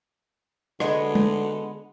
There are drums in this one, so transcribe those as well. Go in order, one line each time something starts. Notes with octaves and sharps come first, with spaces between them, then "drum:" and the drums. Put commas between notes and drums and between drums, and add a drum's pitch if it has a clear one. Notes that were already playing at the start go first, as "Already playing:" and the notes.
D3 G#3 B3, drum: rim click
drum: tom